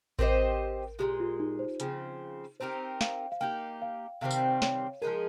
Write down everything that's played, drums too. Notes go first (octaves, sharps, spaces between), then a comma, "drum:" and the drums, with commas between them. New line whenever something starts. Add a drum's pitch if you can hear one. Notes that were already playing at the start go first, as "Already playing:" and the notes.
C4 G4 A#4 C5 D#5, drum: kick A1
A#2 F3 G#3 G4
F4
D#4
C5
C#3 F3 C4, drum: hi-hat
C4 D#4 G4 A#4 C5
F5, drum: snare
F5
A#3 D#4 G4 G5
F5
C3 D#3 G3 C4 F5
drum: tambourine
C#5, drum: snare
F3 G#3 D#4 G#4 A#4